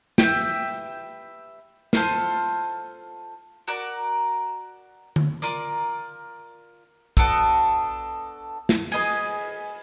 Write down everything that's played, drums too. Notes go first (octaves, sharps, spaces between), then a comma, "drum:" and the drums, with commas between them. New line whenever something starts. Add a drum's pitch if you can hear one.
G4 B4 E5 G5, drum: snare
F4 A4 C5 F5, drum: snare
F#4 A#4 D5
drum: tom D3
F4 A#4 D5, drum: tambourine
B3 D4 F#4 A4, drum: kick
drum: snare
G#4 B4 D#5 G#5, drum: cymbal